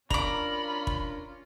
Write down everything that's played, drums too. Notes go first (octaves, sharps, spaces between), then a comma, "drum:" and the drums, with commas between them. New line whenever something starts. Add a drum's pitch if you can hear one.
C#4 D4 F4 A#4 A#5 B5 D6, drum: kick
drum: kick